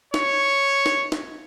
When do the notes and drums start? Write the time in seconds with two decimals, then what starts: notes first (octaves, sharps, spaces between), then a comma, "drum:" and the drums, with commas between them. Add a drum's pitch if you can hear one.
0.14 C#5, drum: snare
0.86 drum: snare
1.12 drum: snare